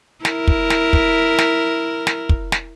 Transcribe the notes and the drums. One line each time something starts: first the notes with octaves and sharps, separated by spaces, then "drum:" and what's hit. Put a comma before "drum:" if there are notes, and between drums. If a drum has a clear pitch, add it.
E4 A#4, drum: snare
drum: kick
drum: snare
drum: kick
drum: snare
drum: snare
drum: kick
drum: snare